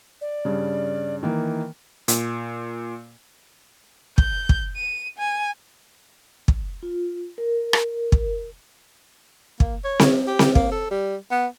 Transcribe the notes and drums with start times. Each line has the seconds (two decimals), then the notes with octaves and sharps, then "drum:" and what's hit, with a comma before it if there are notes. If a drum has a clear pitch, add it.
0.21 D5
0.45 G2 C#3
1.23 D#3 E3 A#3
2.08 A#2, drum: hi-hat
4.18 G6, drum: kick
4.49 drum: kick
4.76 D#7
5.18 G#5
6.48 drum: kick
6.83 F4
7.38 A#4
7.73 drum: rim click
8.12 drum: kick
9.60 A#3, drum: kick
9.85 C#5
9.99 drum: snare C4
10.28 G4
10.39 drum: snare C4
10.55 A#3, drum: kick
10.72 A4
10.91 G3
11.31 B3